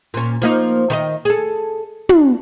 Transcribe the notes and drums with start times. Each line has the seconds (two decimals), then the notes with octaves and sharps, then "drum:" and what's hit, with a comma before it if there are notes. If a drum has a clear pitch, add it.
0.14 A#2 C#4
0.42 F3 A#3 D#4
0.90 D#3 B4 D#5
1.25 G#4 A4
2.09 D4, drum: tom